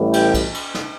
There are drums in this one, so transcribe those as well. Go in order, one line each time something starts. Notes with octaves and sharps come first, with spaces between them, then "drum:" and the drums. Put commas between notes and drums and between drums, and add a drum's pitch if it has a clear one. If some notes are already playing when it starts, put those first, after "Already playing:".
Already playing: A1 A2 E3 G3
G5, drum: cymbal
drum: kick B1, cymbal
drum: cymbal
drum: snare